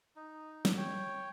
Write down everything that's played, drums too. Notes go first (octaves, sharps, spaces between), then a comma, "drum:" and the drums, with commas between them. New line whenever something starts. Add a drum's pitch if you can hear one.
D#4
drum: snare
C#5 G5